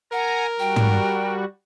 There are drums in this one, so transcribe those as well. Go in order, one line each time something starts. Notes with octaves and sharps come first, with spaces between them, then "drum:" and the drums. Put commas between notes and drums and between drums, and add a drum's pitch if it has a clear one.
A#4 F#5 G#5 A#5
G3 F#4 G5
drum: tom